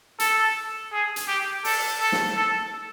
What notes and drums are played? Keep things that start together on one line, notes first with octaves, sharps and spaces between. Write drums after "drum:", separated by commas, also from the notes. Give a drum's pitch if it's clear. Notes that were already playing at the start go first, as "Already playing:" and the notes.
A4, drum: hi-hat
G#4
drum: hi-hat
G4
A4, drum: open hi-hat
A4
drum: snare
A4